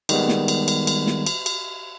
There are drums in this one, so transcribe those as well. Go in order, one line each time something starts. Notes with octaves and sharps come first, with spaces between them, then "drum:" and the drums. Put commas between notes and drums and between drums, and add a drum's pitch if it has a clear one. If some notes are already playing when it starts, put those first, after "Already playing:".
D#3 G3 G#3 B3, drum: cymbal
drum: snare
drum: cymbal
drum: cymbal
drum: cymbal
drum: snare
drum: cymbal
drum: cymbal